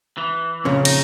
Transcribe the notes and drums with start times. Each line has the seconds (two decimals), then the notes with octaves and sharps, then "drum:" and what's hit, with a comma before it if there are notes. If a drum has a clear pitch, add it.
0.18 E3
0.65 F2 A#2 C#3
0.85 D#4, drum: cymbal